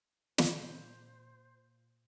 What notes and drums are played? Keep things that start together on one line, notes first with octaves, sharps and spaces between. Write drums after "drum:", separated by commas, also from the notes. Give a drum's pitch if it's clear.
A#2 C5, drum: snare